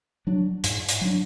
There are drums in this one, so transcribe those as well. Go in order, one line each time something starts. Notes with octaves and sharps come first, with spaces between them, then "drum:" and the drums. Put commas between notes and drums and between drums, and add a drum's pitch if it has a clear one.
F#3 D4
G#2, drum: hi-hat
drum: hi-hat
F#3 D4